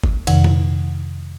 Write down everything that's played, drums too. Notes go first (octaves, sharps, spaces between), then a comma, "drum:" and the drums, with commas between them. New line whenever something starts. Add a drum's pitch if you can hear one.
drum: kick G1
F2 C3 D#3, drum: cymbal
drum: tom A#2